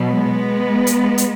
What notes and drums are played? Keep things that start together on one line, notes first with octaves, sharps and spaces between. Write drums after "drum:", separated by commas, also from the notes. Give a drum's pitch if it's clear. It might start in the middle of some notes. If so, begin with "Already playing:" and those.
Already playing: B2 F#3
G#3 B3
drum: hi-hat
drum: hi-hat